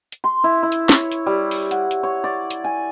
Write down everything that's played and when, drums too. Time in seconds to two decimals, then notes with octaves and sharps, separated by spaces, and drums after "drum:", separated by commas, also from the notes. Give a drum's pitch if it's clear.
0.12 drum: hi-hat
0.24 C6
0.44 E4
0.63 E4
0.72 drum: hi-hat
0.89 C#5, drum: snare
1.12 drum: hi-hat
1.26 G3
1.51 drum: open hi-hat
1.71 F#5, drum: hi-hat
1.91 drum: hi-hat
2.03 C#5
2.24 D5
2.51 drum: hi-hat
2.64 G#5